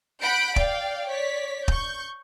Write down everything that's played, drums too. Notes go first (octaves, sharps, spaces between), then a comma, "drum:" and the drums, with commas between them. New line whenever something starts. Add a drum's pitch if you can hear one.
F#5 B5 G6 B6 D7
D5 F5 G5, drum: kick
C#5 D5 B6
C#6 G6, drum: kick